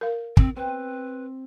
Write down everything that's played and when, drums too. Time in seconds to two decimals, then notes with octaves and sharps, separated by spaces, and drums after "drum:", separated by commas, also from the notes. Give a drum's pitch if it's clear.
0.01 A#4 F5
0.37 C4, drum: kick
0.56 C4 B4